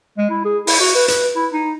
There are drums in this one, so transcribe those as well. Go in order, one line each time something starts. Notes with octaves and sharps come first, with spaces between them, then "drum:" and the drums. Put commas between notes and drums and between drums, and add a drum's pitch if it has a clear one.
G#3
E4
G#4
E4, drum: open hi-hat
F#4
B4
B4, drum: hi-hat
E4
D#4